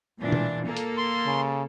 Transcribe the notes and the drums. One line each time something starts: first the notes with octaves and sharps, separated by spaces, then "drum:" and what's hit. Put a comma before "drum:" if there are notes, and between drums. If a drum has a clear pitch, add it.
A#2 E3 D4
drum: tom B2
A#3 A4
drum: hi-hat
C6
C#3